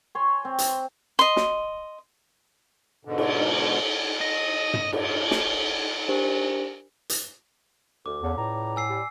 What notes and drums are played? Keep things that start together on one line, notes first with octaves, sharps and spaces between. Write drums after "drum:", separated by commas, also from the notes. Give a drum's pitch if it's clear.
C#5 G#5 C6
C4
drum: hi-hat
D#5 C6
drum: snare
G#2 B2 D3
drum: cymbal
D#5
drum: tom
drum: cymbal
drum: snare
D4 G4 A#4 C5
drum: hi-hat
D2 D6
E2 C#3 A4
C#2 A2 D5 A#5
G#5 E6 C7
G3